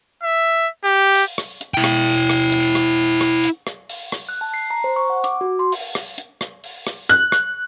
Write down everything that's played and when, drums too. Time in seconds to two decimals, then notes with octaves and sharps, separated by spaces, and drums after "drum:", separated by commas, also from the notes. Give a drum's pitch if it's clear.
0.23 E5
0.84 G4
1.15 drum: open hi-hat
1.38 drum: rim click
1.61 drum: hi-hat
1.74 E4 G5
1.84 drum: rim click
2.07 drum: open hi-hat
2.29 drum: rim click
2.52 drum: hi-hat
2.75 drum: rim click
3.21 drum: rim click
3.44 drum: hi-hat
3.67 drum: rim click
3.89 drum: open hi-hat
4.12 drum: rim click
4.29 F#6
4.41 A5
4.54 C7
4.70 A#5
4.84 C5
4.96 C#6
5.10 F#5
5.24 D6, drum: hi-hat
5.41 F#4
5.59 C6
5.72 drum: open hi-hat
5.95 drum: rim click
6.18 drum: hi-hat
6.41 drum: rim click
6.64 drum: open hi-hat
6.87 drum: rim click
7.09 F#6, drum: hi-hat
7.32 drum: rim click